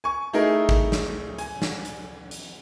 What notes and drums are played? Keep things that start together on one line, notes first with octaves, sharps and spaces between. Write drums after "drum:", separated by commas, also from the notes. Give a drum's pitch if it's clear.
G#5 C#6
A3 D#4 E4 G#4 A#4
drum: kick
drum: snare
G#5, drum: hi-hat
drum: snare
drum: hi-hat
drum: hi-hat